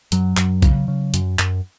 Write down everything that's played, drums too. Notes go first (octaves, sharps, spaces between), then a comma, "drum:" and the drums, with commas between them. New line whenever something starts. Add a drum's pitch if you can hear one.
F#2 F#3, drum: hi-hat
F#2, drum: clap
C#3, drum: kick, hi-hat
C#3
F#2, drum: hi-hat
F#2, drum: clap